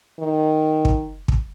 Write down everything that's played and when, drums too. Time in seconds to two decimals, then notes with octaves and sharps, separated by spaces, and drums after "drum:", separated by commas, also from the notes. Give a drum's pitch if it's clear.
0.20 D#3
0.85 drum: kick
1.28 drum: kick